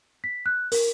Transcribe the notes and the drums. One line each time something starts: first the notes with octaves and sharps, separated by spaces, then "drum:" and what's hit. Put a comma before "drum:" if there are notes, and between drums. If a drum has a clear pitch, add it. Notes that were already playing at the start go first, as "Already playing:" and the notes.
B6
F#6
A#4, drum: open hi-hat